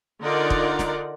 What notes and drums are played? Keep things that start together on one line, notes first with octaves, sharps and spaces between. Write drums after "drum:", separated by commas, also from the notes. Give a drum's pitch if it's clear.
D3 D#4 F4 A#4 D5 F#5
drum: kick
drum: snare